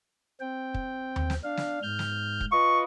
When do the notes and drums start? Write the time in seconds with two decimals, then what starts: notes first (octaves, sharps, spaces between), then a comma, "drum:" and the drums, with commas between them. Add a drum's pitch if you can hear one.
0.41 C4 G5
0.74 drum: kick
1.16 drum: tom D#2
1.30 drum: snare
1.44 D4 F5
1.57 drum: snare
1.83 G#2 F6 G6
1.99 drum: snare
2.41 drum: kick
2.52 F4 B4 D#5 C#6